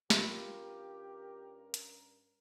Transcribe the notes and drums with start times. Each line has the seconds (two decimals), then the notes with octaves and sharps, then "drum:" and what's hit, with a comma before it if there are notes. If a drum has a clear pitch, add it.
0.10 G2 C#4 F4 G4 A#4 B5, drum: snare
1.74 drum: hi-hat